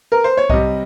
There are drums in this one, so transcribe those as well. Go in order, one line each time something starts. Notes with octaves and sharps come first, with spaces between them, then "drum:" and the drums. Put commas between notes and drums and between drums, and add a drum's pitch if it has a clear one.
A#4
C5
C#5
C3 G3 D#5, drum: kick C2